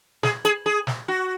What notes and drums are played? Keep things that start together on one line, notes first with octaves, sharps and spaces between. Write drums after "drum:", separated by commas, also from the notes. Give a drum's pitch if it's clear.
G#4, drum: snare
G#4, drum: hi-hat
G#4
drum: snare
F#4